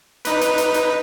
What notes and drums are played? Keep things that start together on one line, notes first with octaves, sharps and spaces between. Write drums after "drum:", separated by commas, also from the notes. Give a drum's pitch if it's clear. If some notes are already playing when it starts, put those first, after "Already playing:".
D#4 B4, drum: hi-hat
drum: hi-hat
drum: hi-hat
drum: hi-hat